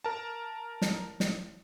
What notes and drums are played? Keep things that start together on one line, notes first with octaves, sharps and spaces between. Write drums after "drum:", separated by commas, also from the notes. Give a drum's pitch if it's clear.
A#4 A5
drum: snare
drum: snare